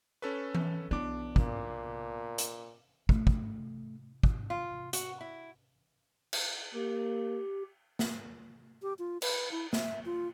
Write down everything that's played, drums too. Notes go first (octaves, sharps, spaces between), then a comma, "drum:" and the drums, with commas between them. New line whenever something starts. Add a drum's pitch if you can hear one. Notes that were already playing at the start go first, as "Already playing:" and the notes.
C#4 A4 B4 C#6
drum: tom E3
B1 B3 D4 E4 D6
A#2, drum: kick
drum: hi-hat
A3, drum: kick
drum: kick
drum: kick
F4
F#4, drum: hi-hat
E4
drum: cymbal
A#3 G4
drum: snare
G4
F4
B4, drum: cymbal
E4
E5, drum: snare
F4